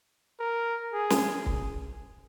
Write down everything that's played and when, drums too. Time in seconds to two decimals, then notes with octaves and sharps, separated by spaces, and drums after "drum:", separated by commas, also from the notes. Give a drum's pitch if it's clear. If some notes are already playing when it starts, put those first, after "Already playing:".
0.40 A#4
0.93 G#4
1.10 drum: snare
1.46 drum: kick C#1